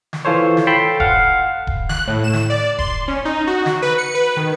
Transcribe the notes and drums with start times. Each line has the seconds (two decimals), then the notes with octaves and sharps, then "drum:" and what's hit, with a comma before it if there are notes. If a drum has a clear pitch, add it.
0.13 drum: snare
0.25 E3 F4 A4 C5 C#5
0.57 drum: snare
0.67 A4 G5 A5 B5 C6
1.00 F5 F#5, drum: kick D#1
1.67 drum: kick D#1
1.89 F#6, drum: snare
2.07 A2
2.24 E7
2.33 drum: snare
2.50 D5
2.78 C6, drum: kick D#1
3.08 C#4
3.25 D#4
3.47 F#4
3.66 drum: snare
3.82 B4
3.98 C#7
4.15 B4
4.37 D#3